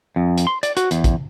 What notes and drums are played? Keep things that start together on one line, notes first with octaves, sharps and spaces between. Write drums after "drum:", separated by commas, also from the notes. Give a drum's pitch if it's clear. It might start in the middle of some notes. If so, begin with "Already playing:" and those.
F2
drum: hi-hat
C6
D5, drum: hi-hat
F#4, drum: hi-hat
E2, drum: hi-hat
drum: kick, hi-hat